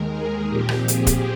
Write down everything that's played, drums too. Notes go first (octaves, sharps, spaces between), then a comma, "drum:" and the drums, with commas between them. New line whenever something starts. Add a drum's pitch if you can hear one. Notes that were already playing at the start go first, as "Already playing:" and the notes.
Already playing: D#2 D#3 G#3 A#4
G#4
A#2 F3 C4 G4
drum: rim click
G#4, drum: hi-hat
drum: kick E1, hi-hat